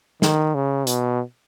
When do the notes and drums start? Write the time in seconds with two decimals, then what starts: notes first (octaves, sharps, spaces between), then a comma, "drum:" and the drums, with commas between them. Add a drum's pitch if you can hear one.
0.22 D#3, drum: snare
0.55 C#3
0.87 B2, drum: hi-hat